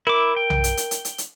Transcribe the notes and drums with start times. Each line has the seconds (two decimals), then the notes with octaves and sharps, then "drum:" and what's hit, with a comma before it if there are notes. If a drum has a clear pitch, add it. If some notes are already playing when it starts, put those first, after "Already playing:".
0.07 E4 A#4 D6
0.36 G5
0.50 drum: tom B1
0.64 drum: hi-hat
0.77 drum: hi-hat
0.91 drum: hi-hat
1.05 drum: hi-hat
1.18 drum: hi-hat